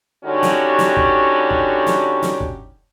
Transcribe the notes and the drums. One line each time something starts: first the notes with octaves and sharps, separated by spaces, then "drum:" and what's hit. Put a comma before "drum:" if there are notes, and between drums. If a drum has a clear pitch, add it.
D3 G3 C#4 D#4 F#4 G4
drum: snare
drum: snare
drum: kick
drum: kick
drum: snare
drum: snare
drum: kick